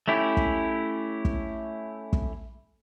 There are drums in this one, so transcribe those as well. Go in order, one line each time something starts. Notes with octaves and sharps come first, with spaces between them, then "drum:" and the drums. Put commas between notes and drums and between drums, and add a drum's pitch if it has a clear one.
A3 C#4 E4 G4
drum: kick
drum: kick
drum: kick